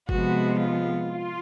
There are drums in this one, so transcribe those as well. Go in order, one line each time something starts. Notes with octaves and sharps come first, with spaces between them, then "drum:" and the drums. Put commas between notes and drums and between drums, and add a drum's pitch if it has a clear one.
C3 F3 G#3 B3 F#4, drum: kick G1
F4
F4